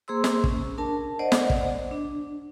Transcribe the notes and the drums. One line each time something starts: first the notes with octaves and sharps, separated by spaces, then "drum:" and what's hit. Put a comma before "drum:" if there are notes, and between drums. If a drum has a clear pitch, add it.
A#3 G#4 C5 C6 E6
drum: snare
C#4, drum: kick
D4 A#4 A5
C5 D5 D#5 F#5
drum: snare
drum: kick
D4